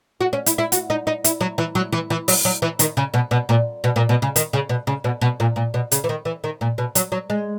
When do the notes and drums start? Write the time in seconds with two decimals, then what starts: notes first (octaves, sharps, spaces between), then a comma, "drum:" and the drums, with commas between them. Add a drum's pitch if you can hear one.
0.21 F#4
0.33 C#4
0.46 E4, drum: hi-hat
0.58 E4
0.72 F#4, drum: hi-hat
0.90 D#4
1.07 D#4
1.24 E4, drum: hi-hat
1.41 F#3
1.58 E3
1.75 F#3
1.92 E3
2.10 E3
2.28 F#3, drum: open hi-hat
2.45 F#3
2.62 E3
2.79 D#3, drum: hi-hat
2.97 C#3
3.14 B2
3.31 B2
3.49 A#2
3.84 B2
3.96 A#2
4.09 B2
4.22 C#3
4.36 D#3, drum: hi-hat
4.53 C#3
4.69 B2
4.87 C#3
5.04 B2
5.21 B2
5.40 A#2
5.56 A#2
5.74 B2
5.92 C#3, drum: hi-hat
6.04 E3
6.09 D#3
6.25 E3
6.44 D#3
6.61 A#2
6.78 B2
6.95 F#3, drum: hi-hat
7.12 F#3
7.30 G#3